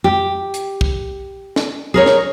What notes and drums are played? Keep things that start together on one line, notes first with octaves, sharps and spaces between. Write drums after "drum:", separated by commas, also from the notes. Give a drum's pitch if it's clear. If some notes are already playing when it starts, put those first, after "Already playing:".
G4
drum: hi-hat
drum: kick
drum: snare
G#4 A#4 C#5
drum: snare